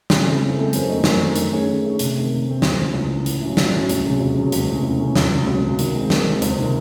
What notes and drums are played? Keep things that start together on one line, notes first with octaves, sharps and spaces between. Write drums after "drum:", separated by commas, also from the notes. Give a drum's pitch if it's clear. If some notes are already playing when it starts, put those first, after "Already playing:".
C#3, drum: snare
G#3 C4 E4 A4
C#3
G#3 C4 E4 A4
F#2, drum: hi-hat
D#3 A3 C4 D#4
F#2, drum: snare
D#3 A3 C4 D#4
D#3, drum: hi-hat
A3 C#4 G#4 C#5
D#3
A3 C#4 G#4 C#5
C3, drum: hi-hat
D#3 A3 C4
C3
D#3 A3 C4
C#2, drum: snare
C#3 E3
C#2
C#3 E3
A2, drum: hi-hat
F#3 C#4 E4
A2, drum: snare
F#3 C#4 E4
C#2, drum: hi-hat
C3 F#3 C#4 G#4
C#2
C3 F#3 C#4 G#4
C#2, drum: hi-hat
C3 E3 A3 C#4
C#2
C3 E3 A3 C#4
C#2, drum: snare
C3 F#3 C#4
C#2
C3 F#3 C#4
D#3, drum: hi-hat
G#3 C4
D#3, drum: snare
G#3 C4
C#2, drum: hi-hat
C3 D#3